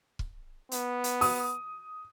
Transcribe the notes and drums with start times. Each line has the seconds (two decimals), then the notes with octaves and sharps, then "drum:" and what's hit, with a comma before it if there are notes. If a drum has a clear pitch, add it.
0.19 drum: kick
0.71 B3, drum: hi-hat
1.04 drum: hi-hat
1.21 D#6, drum: open hi-hat